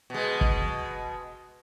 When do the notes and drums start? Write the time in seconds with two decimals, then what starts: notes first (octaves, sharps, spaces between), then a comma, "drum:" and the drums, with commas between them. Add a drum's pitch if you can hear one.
0.10 B2 G#3
0.41 drum: kick